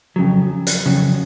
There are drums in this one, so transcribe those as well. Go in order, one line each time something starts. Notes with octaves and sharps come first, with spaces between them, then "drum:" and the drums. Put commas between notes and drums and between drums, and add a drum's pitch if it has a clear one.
F2 C#3 F#3
drum: hi-hat
F2 C#3 F#3